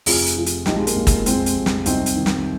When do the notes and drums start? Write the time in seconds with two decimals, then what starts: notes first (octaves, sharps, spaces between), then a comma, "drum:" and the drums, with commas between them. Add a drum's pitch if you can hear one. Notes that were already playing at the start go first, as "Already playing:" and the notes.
0.06 F1 F4 G#4, drum: open hi-hat
0.26 drum: hi-hat
0.37 F3
0.46 drum: hi-hat
0.66 A#1 D#4 G4, drum: snare
0.76 G#3
0.87 A#3, drum: hi-hat
0.96 A#1
1.07 A#3, drum: kick, hi-hat
1.26 F1 G#3 C4, drum: hi-hat
1.46 drum: hi-hat
1.56 F1
1.66 drum: snare
1.86 C2 C4 D#4, drum: hi-hat
2.06 drum: hi-hat
2.16 D#3
2.26 drum: snare